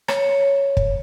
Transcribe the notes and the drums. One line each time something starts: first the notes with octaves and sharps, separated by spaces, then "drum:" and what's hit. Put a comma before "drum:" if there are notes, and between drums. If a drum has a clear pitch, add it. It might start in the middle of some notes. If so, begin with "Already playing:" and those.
C#5, drum: rim click
drum: kick